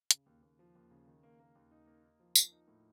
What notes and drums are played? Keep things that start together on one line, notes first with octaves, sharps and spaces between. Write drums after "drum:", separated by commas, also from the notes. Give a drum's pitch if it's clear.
C#3, drum: hi-hat
D#2
D#2
F3
D#2
C#3
D#3
A#3
A#3
D#2
D#4
A#3
D#4
F3
F3, drum: tambourine
D#4
A2